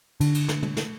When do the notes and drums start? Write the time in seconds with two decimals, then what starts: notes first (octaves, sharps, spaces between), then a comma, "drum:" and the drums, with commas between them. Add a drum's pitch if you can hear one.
0.20 D3, drum: cymbal
0.34 drum: cymbal
0.49 drum: snare
0.63 drum: tom
0.77 drum: snare